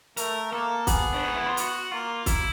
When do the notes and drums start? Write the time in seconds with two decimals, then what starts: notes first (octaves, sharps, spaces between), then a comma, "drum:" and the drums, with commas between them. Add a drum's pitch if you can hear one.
0.17 A3 A#4, drum: hi-hat
0.52 A#3 A4
0.87 B3 G#4, drum: kick, hi-hat
1.13 D4
1.23 D#4
1.35 E4
1.46 F4
1.57 F#4, drum: hi-hat
1.91 A#3 F4
2.26 E4, drum: kick, hi-hat